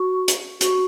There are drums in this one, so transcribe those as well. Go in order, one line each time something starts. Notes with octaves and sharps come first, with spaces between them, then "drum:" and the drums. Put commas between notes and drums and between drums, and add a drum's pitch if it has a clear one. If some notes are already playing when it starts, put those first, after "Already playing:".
Already playing: F#4
drum: hi-hat
F#4, drum: hi-hat